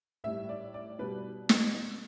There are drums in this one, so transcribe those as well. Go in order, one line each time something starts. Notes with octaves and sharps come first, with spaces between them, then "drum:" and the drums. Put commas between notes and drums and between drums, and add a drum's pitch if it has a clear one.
A2 G3 E5
D5
D5
B2 G3 B4
drum: snare